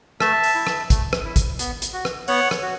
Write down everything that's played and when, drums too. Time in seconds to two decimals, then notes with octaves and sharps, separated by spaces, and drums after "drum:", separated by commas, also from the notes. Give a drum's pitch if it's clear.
0.20 A3 E5 A5, drum: rim click
0.44 drum: open hi-hat
0.55 E4
0.67 drum: rim click
0.90 A3, drum: kick, hi-hat
1.13 drum: rim click
1.25 E4
1.36 drum: kick, hi-hat
1.59 B3, drum: hi-hat
1.82 drum: hi-hat
1.93 F#4
2.05 drum: rim click
2.28 B3 C#5 F#5, drum: open hi-hat
2.51 drum: rim click
2.62 F#4